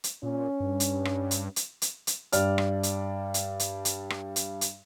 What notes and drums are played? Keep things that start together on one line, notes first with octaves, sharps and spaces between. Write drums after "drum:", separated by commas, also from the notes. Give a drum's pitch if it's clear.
drum: hi-hat
A#2 C#4
G2
drum: hi-hat
drum: rim click
drum: hi-hat
drum: hi-hat
drum: hi-hat
drum: hi-hat
G2 D5 F6, drum: hi-hat
drum: rim click
drum: hi-hat
drum: hi-hat
drum: hi-hat
drum: hi-hat
drum: rim click
drum: hi-hat
drum: hi-hat